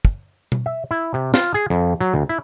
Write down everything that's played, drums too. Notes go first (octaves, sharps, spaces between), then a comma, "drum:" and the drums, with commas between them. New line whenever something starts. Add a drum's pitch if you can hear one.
drum: kick
drum: tom B2
E5
E4
C3
F4, drum: snare
G#4
F2
F#3
D2
E4